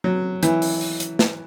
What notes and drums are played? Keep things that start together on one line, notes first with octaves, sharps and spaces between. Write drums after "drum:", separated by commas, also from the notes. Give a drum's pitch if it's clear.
F#3
E3, drum: hi-hat
drum: open hi-hat
drum: open hi-hat
drum: hi-hat
drum: snare